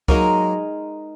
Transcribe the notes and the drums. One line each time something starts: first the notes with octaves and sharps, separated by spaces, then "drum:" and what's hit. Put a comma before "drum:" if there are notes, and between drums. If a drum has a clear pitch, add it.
F#3 G#3 A#3 D#4 A#4, drum: kick C#2